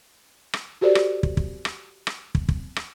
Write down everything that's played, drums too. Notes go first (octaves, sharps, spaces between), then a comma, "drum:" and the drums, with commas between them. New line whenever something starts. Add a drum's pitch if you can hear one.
drum: rim click
F#4 G4 A4 C5 D5
drum: rim click
drum: kick
drum: kick
drum: rim click
drum: rim click
drum: kick
drum: kick
drum: rim click